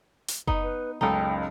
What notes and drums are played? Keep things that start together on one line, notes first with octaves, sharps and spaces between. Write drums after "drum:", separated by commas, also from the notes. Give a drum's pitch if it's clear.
drum: hi-hat
B3 D#4, drum: kick F#1
B4
F#1 C#2 D#4 A4 G5